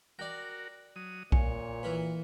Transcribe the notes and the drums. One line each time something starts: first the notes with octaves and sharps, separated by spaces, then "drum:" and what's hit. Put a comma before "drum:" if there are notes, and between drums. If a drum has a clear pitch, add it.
F#4 A#4 D5 G5
F#3 D#6
A#2 C#5 G#5, drum: kick B1
E3 A#4 B4 B5